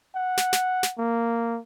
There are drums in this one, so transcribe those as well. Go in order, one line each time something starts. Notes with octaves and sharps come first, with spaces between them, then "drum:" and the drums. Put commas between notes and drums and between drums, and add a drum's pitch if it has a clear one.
F#5
drum: snare
drum: snare
drum: snare
A#3